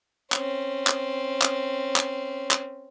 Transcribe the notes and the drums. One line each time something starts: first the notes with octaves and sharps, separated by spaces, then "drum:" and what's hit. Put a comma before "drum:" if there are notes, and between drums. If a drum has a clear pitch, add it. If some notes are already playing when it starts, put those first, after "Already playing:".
C4 C#4, drum: clap
drum: clap
drum: clap
drum: clap
drum: clap